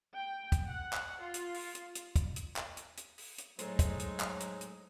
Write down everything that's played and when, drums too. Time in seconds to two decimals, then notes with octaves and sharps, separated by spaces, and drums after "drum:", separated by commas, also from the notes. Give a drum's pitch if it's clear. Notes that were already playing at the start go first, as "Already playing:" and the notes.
0.16 G5
0.52 drum: kick, hi-hat
0.66 F#5
0.93 drum: clap
1.22 F4
1.34 drum: hi-hat
1.54 drum: open hi-hat
1.75 drum: hi-hat
1.95 drum: hi-hat
2.16 drum: kick, hi-hat
2.36 drum: hi-hat
2.56 drum: clap
2.77 drum: hi-hat
2.97 drum: hi-hat
3.18 drum: open hi-hat
3.38 drum: hi-hat
3.59 A2 F#3 G#3 D#4 A4 C5, drum: hi-hat
3.79 drum: kick, hi-hat
3.99 drum: hi-hat
4.20 drum: clap
4.40 drum: hi-hat
4.61 drum: hi-hat